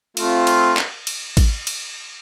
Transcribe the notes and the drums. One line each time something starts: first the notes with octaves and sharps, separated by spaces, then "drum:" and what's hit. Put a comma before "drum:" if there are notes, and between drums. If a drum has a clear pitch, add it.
A3 C4 F4, drum: cymbal
drum: cymbal
drum: clap
drum: cymbal
drum: kick A1, cymbal
drum: cymbal